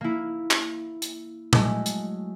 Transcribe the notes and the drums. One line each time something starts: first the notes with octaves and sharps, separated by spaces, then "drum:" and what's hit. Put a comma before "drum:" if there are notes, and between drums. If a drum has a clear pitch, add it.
A#3 E4
drum: clap
drum: hi-hat
F#3 G#3 A3, drum: tom A#2
drum: hi-hat